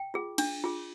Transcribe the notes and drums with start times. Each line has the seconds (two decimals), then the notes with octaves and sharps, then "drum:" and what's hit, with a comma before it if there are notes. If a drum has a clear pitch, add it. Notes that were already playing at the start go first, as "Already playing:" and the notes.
Already playing: G5
0.14 F4 G#4
0.38 D4, drum: cymbal
0.64 F4 G#4